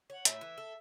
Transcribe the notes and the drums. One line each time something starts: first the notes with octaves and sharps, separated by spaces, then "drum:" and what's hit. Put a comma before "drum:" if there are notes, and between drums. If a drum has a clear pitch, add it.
C#5 F#5
A2 E5, drum: hi-hat
E3
A4